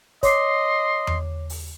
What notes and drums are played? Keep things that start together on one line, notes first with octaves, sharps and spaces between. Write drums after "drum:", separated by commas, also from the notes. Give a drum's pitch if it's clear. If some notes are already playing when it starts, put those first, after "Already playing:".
C#5 D#5 C6 D6 C7, drum: kick, hi-hat
drum: tom E2
drum: open hi-hat